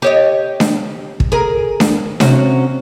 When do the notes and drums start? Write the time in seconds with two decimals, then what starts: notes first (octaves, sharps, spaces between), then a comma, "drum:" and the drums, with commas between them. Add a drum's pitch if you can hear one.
0.02 G4 C#5 D#5
0.60 drum: snare D4
1.20 drum: kick
1.32 G#4 A#4
1.80 drum: snare D4
2.20 C3 C#4 F#4, drum: snare D4